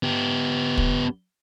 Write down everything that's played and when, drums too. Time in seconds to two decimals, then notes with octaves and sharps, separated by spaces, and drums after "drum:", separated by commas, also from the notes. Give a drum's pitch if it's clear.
0.03 B3 G4
0.78 drum: kick